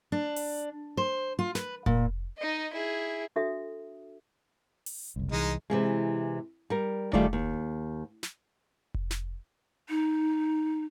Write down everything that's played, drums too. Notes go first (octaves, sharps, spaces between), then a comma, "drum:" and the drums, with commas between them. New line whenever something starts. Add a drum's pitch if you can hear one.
D4
drum: open hi-hat
C5
F4
B4, drum: snare
A#2, drum: kick F1
D#4 D#5
E4 G#4
D4 F#4 A4 E5 D#6
drum: open hi-hat
F#1 C2
C2 E3 G#3 D#4
C3 E3 G#3
G3 A#4
D#3 G3 A3 F4 G#4 D5, drum: kick F1
D#2
drum: snare
drum: kick F1
drum: snare
D#4